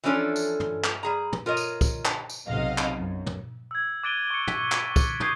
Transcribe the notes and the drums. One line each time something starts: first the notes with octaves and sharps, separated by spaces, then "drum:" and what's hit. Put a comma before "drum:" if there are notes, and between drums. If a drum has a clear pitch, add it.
E3 F3 C#4 D4 A4
drum: tambourine
drum: tom
drum: clap
G3 G#4 A#5
drum: tom
F4 A#4 C#5 D#5
drum: tambourine
drum: kick, tambourine
drum: clap
drum: tambourine
B1 C3 D#5 F5 F#5
drum: clap
F#2
drum: tom
E6 G#6
D6 F#6 A6 D7 D#7 G7
C#6 C#7
B6, drum: tom
drum: clap
drum: kick, tambourine
C#6 D#6 G6 G#6 C7, drum: tom